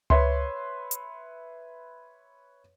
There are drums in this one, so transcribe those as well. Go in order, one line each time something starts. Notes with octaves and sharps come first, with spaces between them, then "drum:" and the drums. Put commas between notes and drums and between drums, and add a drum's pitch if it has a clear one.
B4 C#5 E5 C6, drum: tom C#2
drum: hi-hat